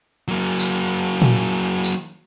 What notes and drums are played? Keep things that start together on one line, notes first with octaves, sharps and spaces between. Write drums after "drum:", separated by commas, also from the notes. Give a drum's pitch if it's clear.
F#3 A#3
drum: tambourine
drum: tom A#2
drum: tambourine